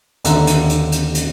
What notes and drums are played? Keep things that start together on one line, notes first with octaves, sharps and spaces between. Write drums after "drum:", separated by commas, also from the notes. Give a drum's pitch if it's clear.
D#2 D3 E5 F#5 A#5, drum: hi-hat
drum: hi-hat
drum: hi-hat
drum: hi-hat
drum: hi-hat